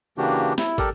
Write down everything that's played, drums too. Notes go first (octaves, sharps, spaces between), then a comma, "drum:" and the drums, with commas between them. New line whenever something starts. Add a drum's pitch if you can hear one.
C#3 E3 A#3 D4 F#4 G4
E4, drum: snare
G4 A4 A#4 D5, drum: kick, hi-hat